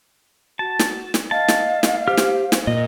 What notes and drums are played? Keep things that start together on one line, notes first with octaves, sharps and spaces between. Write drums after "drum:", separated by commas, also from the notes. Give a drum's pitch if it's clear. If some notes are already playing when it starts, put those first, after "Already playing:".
F#4 A5
drum: snare
drum: snare
D#5 F5 A5
drum: snare
drum: snare
G4 C5 F6
drum: snare
drum: snare
A#2 D#5